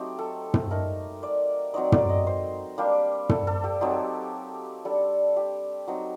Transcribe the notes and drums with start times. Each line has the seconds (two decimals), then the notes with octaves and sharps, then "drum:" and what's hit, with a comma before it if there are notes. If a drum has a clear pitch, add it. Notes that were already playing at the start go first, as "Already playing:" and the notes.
Already playing: F#3 A3 C4 D#4 G4
0.19 A4
0.54 drum: tom
0.71 A3 D#4 A#4
1.23 D5
1.74 F#3 C4 D#4 D5
1.92 D5, drum: tom
2.09 D#5
2.27 C5
2.78 G3 A#3 D4 G4
3.29 A4, drum: tom
3.47 A4
3.64 G4
3.81 F#3 C4 D#4 G4
4.85 G3 D4 A4
5.37 G4
5.88 F#3 C4 D#4